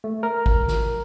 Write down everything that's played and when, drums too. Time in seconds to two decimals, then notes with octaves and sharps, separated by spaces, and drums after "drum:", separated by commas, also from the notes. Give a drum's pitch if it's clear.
0.04 A3
0.23 A#4
0.46 drum: kick G#1
0.67 drum: snare